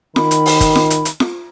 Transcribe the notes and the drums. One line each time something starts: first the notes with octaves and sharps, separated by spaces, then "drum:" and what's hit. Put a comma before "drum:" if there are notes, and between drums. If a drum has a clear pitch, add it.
D#3 B5, drum: snare
drum: hi-hat
drum: open hi-hat
drum: kick, hi-hat
drum: snare
drum: hi-hat
drum: hi-hat
drum: snare